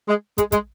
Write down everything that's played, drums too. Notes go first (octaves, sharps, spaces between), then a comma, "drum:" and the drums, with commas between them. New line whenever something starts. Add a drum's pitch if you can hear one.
G#3
G#3, drum: kick, hi-hat
G#3, drum: kick, hi-hat